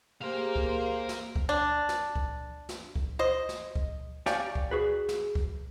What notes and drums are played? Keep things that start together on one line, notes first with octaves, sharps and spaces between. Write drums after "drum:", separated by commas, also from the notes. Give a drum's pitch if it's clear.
A#3 G4 G#4 A#4 C5 F5
drum: kick C#2
drum: snare
drum: kick C#2
D4
drum: snare
drum: kick C#2
drum: snare
drum: kick C#2
C5 D#5
drum: snare
drum: kick C#2
G4 C#5 D5 F5 G5 G#5, drum: snare
drum: kick C#2
F#4 G#4 B4
drum: snare
drum: kick C#2